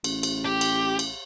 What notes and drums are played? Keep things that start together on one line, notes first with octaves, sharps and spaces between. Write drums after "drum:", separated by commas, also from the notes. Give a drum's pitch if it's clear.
A1, drum: cymbal
drum: cymbal
G4
drum: cymbal
drum: cymbal